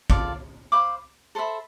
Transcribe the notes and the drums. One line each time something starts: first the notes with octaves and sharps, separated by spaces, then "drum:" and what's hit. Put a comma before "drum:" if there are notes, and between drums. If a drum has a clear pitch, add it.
F4 A4 D5 F5, drum: kick G#1
C5 F5 B5 D6
A4 C5 E5 B5